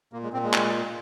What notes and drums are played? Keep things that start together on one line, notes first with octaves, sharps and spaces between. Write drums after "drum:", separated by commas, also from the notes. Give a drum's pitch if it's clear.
A#2 A#3
G#3
A#2 C4
G#3
drum: clap